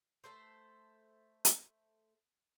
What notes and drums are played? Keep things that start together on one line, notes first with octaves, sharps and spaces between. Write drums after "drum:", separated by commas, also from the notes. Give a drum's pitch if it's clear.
A3 A4 C5
drum: hi-hat